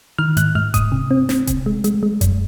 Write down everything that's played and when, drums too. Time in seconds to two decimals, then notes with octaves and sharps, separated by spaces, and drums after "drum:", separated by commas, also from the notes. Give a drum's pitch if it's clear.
0.18 D#3 F6
0.37 G#2 F#6, drum: hi-hat
0.55 G#2 F6
0.74 G#2 D#6, drum: kick D#1, hi-hat
0.92 C3
1.11 C4
1.29 C4, drum: snare
1.47 C3, drum: kick D#1, hi-hat
1.66 G#3
1.84 G#3, drum: hi-hat
2.03 G#3
2.21 F#2, drum: kick D#1, hi-hat